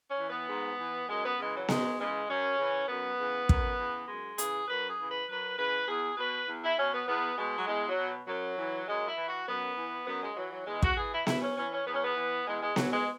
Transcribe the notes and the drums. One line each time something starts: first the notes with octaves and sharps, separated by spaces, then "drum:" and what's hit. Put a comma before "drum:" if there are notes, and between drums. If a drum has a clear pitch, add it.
C#4
E3
B3
G#2
E3
F#2 G#3
B3
C#3 E3 G#3
F#3
F#2 G#3, drum: snare B3
C#3 E3 G#3
F#2 C#4
C#3 E3
F#2 B3
C#3 E3
F#2, drum: kick
C#3 E3
F#2 G#3
C#3 E3 G#4, drum: hi-hat
F#2 B4
G#4
C#3 E3
B4
F#2 B4
C#3 E3 B4
E2 G#4
B2 B4
E2
E4
B2 C#4
B3
E2 B3
B2 G#3
F#3
E2 G#3
F#3
B2
F#2 F#3
E3
F#2 G#3
E4
E3
F#4
F#2 B3
E3
F#2 B3
G#3
E3 F#3
F#3
E2 G#3
F#4, drum: kick
E3 G#4
E4
E2 E4, drum: snare B3
C#4
E3 C#4
C#4
E2 B3
C#4
B3
E3
E2 G#3
G#3
E3 F#3, drum: snare B3
G#3